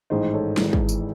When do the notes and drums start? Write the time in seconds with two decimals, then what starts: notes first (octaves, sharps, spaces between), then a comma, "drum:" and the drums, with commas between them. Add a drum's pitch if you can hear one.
0.10 A1 G#2 D#3 C5 D#5
0.34 A4 C#5
0.57 G#1 G#2 E3, drum: snare
0.73 drum: kick
0.89 drum: tambourine